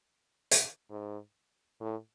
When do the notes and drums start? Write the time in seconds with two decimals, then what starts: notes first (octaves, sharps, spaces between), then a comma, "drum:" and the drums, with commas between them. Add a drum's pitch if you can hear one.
0.51 drum: hi-hat
0.90 G#2
1.81 A2